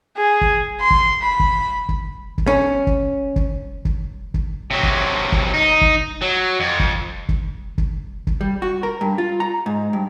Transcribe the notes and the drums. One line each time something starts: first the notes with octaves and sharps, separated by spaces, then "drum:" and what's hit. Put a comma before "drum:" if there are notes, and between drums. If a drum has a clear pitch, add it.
G#4
drum: kick
C6
drum: kick
B5
drum: kick
drum: kick
drum: kick
C#4
drum: kick
drum: kick
drum: kick
drum: kick
C3 F#3
drum: kick
drum: kick
D#4
drum: kick
F#3
F2
drum: kick
drum: kick
drum: kick
drum: kick
G3
F#4
A#4
G2
F4
A#5
G#2
G2